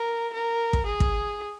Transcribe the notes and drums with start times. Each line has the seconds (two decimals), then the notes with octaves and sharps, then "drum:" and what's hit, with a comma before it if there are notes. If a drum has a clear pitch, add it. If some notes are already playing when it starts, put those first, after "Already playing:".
Already playing: A#4
0.33 A#4
0.73 drum: kick
0.86 G#4
1.00 drum: kick